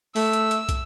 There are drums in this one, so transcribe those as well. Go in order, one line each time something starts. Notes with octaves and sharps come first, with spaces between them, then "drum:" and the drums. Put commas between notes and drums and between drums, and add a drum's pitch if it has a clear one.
A3 E6, drum: open hi-hat
drum: hi-hat
drum: hi-hat
drum: kick, hi-hat